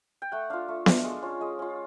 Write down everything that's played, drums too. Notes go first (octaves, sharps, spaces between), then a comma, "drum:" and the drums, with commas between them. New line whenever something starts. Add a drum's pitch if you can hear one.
G5
A3 F#5
D4 F4 F5
A3
D4 F4, drum: snare B3
G#3
C#4 F4
G#3 D#5
C#4 F4